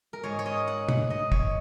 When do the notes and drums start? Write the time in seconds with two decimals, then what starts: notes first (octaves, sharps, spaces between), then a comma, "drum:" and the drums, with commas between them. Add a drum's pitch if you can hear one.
0.13 A#4
0.23 G#2 G#3 C#5
0.39 C#5
0.46 D#5
0.68 F#5
0.89 F#5, drum: tom
1.10 D#5
1.32 C#5, drum: kick